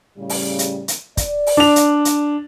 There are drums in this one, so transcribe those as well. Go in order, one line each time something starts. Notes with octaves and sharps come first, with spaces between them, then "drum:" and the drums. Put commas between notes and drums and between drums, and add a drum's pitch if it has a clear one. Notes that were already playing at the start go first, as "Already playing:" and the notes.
A2 C#3 G3
drum: open hi-hat
drum: hi-hat
drum: hi-hat
D5, drum: kick, hi-hat
drum: open hi-hat
D4 F7
drum: hi-hat
drum: hi-hat